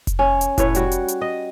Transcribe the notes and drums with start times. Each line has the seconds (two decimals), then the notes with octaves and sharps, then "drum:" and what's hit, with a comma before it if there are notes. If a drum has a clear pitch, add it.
0.07 drum: kick F1, hi-hat
0.19 C#4
0.41 drum: hi-hat
0.58 A2 B4 C#5, drum: kick F1, hi-hat
0.75 G3 F#4, drum: hi-hat
0.91 drum: hi-hat
1.08 drum: hi-hat
1.21 D#5